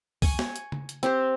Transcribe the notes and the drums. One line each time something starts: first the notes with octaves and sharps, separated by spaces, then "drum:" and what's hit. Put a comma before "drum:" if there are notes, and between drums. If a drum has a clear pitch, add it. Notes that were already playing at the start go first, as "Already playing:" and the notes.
G#5 C#6, drum: kick C#2, open hi-hat
drum: snare
drum: hi-hat
drum: tom C#3
drum: hi-hat
C4 G4 C5, drum: hi-hat